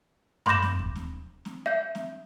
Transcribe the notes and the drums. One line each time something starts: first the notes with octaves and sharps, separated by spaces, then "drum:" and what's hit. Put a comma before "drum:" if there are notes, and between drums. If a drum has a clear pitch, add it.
B5 C6 D6 G6 A#6 E7, drum: tom F#2
drum: snare C4
drum: kick D#2
drum: snare C4
drum: snare C4
E5 G6
drum: snare C4